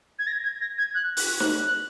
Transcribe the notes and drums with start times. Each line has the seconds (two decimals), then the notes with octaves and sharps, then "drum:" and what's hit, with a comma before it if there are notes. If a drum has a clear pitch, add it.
0.19 G#6
0.27 A#6
0.44 G#6
0.61 A#6
0.78 G#6
0.95 F#6
1.17 F#6, drum: open hi-hat
1.40 F#6, drum: snare